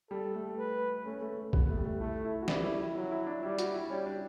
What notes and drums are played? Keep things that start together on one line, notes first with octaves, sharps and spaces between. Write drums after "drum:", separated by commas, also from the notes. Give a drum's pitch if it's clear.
G3 A4
A3
B4
A3 C#4
A3
A3
B3, drum: kick
A3
G3
A3
A3 E4
E4
F#4
G3 E4, drum: snare
E4
E4
F#3 E4
E4
D4
G3 E4
F#4, drum: hi-hat
E4
G3 C#4
D4